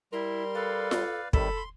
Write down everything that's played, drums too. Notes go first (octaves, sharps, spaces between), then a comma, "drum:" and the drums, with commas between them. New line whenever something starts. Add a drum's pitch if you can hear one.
G3 E4 A#4 C6
A4 B4 D5 F5
drum: snare F4
C3 D#3 G3 A4 B5, drum: kick
C6